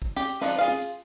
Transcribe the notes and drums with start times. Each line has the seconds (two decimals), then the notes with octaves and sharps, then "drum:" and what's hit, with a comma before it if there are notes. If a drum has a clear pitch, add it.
0.02 drum: kick
0.16 G4, drum: snare
0.28 drum: hi-hat
0.41 F3 D4 D#4 F4 B4, drum: snare
0.58 F4 G#4 F5
0.68 drum: snare
0.81 drum: hi-hat